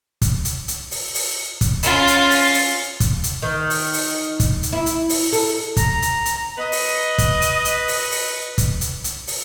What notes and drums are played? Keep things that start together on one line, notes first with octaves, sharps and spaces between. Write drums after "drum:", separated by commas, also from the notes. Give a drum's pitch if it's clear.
drum: kick, hi-hat
drum: hi-hat
drum: hi-hat
drum: open hi-hat
drum: open hi-hat
drum: kick, hi-hat
C#4 F4, drum: hi-hat
drum: hi-hat
drum: open hi-hat
drum: open hi-hat
drum: kick, hi-hat
drum: hi-hat
D#3
drum: open hi-hat
drum: open hi-hat
drum: kick, hi-hat
drum: hi-hat
E4
drum: hi-hat
drum: open hi-hat
A4, drum: open hi-hat
A#5, drum: kick, hi-hat
drum: hi-hat
drum: hi-hat
B4 D#5
drum: open hi-hat
drum: kick, hi-hat
drum: hi-hat
drum: hi-hat
drum: open hi-hat
drum: open hi-hat
drum: kick, hi-hat
drum: hi-hat
drum: hi-hat
drum: open hi-hat